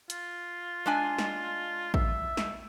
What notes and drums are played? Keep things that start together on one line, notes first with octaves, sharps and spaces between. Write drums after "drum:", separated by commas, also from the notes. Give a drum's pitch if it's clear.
F4, drum: hi-hat
G#3 D4 G#5
drum: snare
E5, drum: kick A1
drum: snare